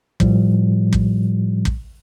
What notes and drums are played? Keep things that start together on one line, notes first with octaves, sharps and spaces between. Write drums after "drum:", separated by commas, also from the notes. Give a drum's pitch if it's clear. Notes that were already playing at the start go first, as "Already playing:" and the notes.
A2 F3 G3, drum: kick
drum: kick
drum: kick